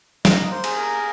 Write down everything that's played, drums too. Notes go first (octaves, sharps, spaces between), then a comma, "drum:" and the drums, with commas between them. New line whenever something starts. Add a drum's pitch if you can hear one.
A#3 D#5, drum: snare
C5
G#4, drum: cymbal
A#4